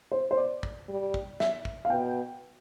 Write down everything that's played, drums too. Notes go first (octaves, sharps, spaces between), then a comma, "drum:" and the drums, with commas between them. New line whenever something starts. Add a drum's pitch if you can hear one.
C5
C5
D5
drum: kick
G3
drum: kick
E5, drum: snare
drum: kick
F5
B2 G5